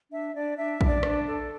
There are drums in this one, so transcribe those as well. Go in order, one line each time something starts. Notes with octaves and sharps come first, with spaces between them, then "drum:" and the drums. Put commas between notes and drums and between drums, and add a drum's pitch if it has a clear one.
D4 E5
D4 D5
D4 E5
D4, drum: kick
D5
D4, drum: rim click
A4